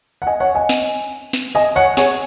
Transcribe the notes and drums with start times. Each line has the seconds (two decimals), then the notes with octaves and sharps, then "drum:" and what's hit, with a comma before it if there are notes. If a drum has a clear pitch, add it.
0.22 F#5
0.27 D#5 G#5
0.40 C#5 F#5
0.55 D#5 G#5
0.69 drum: snare
1.33 drum: snare
1.55 D#5 G#5
1.75 C#5 F#5
1.97 G#4 C#5, drum: snare